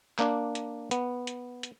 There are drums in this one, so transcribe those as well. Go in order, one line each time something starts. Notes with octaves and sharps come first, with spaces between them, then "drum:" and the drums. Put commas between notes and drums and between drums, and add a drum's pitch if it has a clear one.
A#3 D4, drum: clap
drum: hi-hat
B3, drum: hi-hat
drum: hi-hat
drum: hi-hat